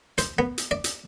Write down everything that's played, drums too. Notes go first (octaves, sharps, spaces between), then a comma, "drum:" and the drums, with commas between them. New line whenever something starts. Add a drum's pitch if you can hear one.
C5, drum: hi-hat
B3
drum: hi-hat
D5
drum: hi-hat